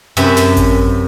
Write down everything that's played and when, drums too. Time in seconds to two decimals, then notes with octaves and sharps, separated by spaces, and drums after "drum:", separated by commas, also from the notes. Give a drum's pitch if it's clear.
0.17 F#2 C3 B4, drum: hi-hat
0.37 drum: snare
0.57 drum: kick G#1, hi-hat